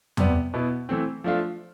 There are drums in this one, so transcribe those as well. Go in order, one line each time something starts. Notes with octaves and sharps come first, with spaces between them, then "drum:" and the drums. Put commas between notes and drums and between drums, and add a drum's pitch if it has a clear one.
C3 G3 B3, drum: tom E2
B2 B3 E4
E3 A3 C4
F3 A3 D4 F4